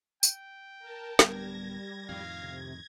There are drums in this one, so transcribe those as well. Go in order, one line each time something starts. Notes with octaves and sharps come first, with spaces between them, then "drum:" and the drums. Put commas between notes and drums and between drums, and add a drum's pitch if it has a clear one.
G5, drum: tambourine
A#4 A5
D1 G3 B3 D4 G#6 A#6, drum: snare
F2 A2 D#3 F5
C3 G#6